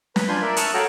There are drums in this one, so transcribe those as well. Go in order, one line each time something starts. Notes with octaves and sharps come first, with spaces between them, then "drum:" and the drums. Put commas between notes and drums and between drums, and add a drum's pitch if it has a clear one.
B4, drum: snare
D4 F4 G#5 B5 C6 G6
A#4 D5 E5
E5 A5 C#6 D#6 F6 F#6, drum: hi-hat
F#4 A4 C#5 F5 G5 A#5